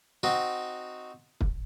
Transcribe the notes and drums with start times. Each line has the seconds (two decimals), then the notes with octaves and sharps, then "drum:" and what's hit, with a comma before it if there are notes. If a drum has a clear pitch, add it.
0.23 C4 D#4 F#4
1.41 drum: kick